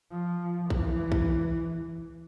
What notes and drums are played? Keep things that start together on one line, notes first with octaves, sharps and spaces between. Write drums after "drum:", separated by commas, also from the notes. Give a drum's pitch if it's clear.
F3
E3, drum: kick
drum: kick